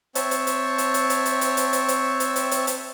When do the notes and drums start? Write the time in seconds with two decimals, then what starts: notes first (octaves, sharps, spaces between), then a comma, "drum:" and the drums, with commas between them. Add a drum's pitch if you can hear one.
0.15 C4 C#5 E5 A5, drum: hi-hat
0.31 drum: hi-hat
0.47 drum: hi-hat
0.78 drum: hi-hat
0.94 drum: hi-hat
1.10 drum: hi-hat
1.25 drum: hi-hat
1.41 drum: hi-hat
1.57 drum: hi-hat
1.73 drum: hi-hat
1.88 drum: hi-hat
2.20 drum: hi-hat
2.36 drum: hi-hat
2.51 drum: hi-hat
2.67 drum: hi-hat